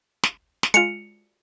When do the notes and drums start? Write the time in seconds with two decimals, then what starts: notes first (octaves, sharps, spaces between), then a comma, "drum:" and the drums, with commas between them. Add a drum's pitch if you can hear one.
0.23 drum: snare
0.63 drum: snare
0.74 G#3 F4 C#7 F7